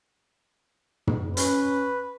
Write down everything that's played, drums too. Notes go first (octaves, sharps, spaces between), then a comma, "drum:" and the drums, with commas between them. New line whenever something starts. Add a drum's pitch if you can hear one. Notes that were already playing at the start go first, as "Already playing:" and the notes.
drum: tom
C#4 B4, drum: hi-hat